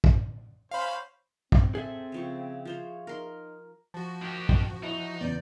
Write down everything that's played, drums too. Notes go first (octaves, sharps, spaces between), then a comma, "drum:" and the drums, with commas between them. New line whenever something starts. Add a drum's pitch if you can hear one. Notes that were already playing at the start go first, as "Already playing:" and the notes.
drum: kick
C#4 C5 F5 B5
C4, drum: kick
G#4 A4 C5 E5
C#3 F3 C#6
F3 C5 C#5
D#4 A#4 C6
F3 F#4 A5
D#3 G4
drum: kick
D#4 E4 C#5
E2 C#3 B3 D5 G6